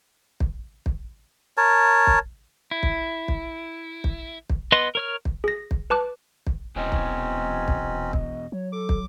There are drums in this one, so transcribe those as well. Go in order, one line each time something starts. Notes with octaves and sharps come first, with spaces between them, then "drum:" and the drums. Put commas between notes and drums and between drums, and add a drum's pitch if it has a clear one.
drum: kick
drum: kick
A#4 C#5 A5
drum: kick
E4
drum: kick
drum: kick
drum: kick
drum: kick
B3 B4 D#5 C6
A#4 C#5 F6
drum: kick
G#4 A#6
drum: kick
B4 A5 D6 F#6
drum: kick
D#1 E2 B2 E3 F#3 C4 C#4 D#5
drum: kick
drum: kick
drum: kick
F#3 C#5
A4 D6
drum: kick